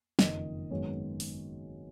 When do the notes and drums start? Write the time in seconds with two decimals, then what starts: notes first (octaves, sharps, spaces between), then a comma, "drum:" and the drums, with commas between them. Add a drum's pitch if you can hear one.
0.19 F#1 F2 D#3 D#5, drum: snare
0.70 G#1 F#2 D#3 G#3 B3 C#5
1.20 drum: open hi-hat